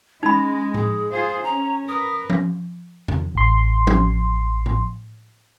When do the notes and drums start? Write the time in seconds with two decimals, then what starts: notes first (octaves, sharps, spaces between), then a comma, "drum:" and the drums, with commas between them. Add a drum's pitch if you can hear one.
0.23 G#3 C#4 D#4 B5
0.74 G#4, drum: tom A2
1.11 F4 G#4 C5 F5
1.43 C#4 A#5
1.88 A#4 B4 D#6
2.30 drum: tom F3
3.08 drum: tom E2
3.35 A1 C6
3.87 drum: tom F3
4.66 drum: tom A2